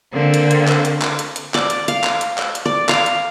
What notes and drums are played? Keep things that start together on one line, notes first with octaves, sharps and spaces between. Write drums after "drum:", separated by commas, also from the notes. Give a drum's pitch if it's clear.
D3 A#3 C4
drum: hi-hat
drum: hi-hat
drum: clap
drum: hi-hat
drum: clap
drum: hi-hat
drum: hi-hat
D5, drum: clap
drum: hi-hat
F5, drum: hi-hat
drum: clap
drum: hi-hat
drum: clap
drum: hi-hat
D5
F5, drum: clap
drum: hi-hat